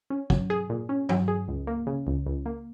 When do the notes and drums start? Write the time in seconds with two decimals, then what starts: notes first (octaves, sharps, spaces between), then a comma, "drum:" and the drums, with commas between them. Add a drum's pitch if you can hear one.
0.10 C#4
0.30 F#3, drum: kick
0.50 G#4
0.70 A#2
0.89 C#4
1.09 F#3, drum: tom
1.28 G#4
1.48 C#2
1.67 A#3
1.87 C#3
2.07 C#2
2.26 C#2
2.46 A#3